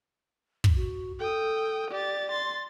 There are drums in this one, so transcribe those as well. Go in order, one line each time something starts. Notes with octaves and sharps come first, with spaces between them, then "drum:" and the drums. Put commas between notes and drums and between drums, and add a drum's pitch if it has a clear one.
drum: kick
F#4
A4 G5 D#6
G4 D5 A6
C6 A6